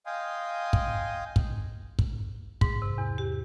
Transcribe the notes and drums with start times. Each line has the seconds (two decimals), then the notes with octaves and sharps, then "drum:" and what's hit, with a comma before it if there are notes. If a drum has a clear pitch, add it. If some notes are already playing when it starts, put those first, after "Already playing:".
0.06 D#5 F5 G5 G#5 C6 D#6
0.73 drum: kick
1.36 drum: kick
1.99 drum: kick
2.61 G#2, drum: kick
2.82 C3
2.98 E2
3.18 G4